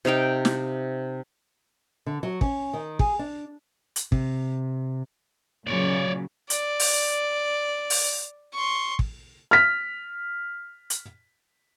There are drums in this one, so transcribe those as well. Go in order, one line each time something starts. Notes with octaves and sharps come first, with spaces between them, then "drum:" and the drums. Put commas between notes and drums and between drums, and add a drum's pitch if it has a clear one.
C3 D#4 F5 G5
drum: snare
D3
F#3
C#4, drum: kick
D#3
G#4, drum: kick
D4
drum: hi-hat
C3, drum: kick
A#2 C#3 F#3 C#5 D5
D5, drum: hi-hat
drum: open hi-hat
drum: open hi-hat
C6 C#6
drum: kick
F6 B6
drum: hi-hat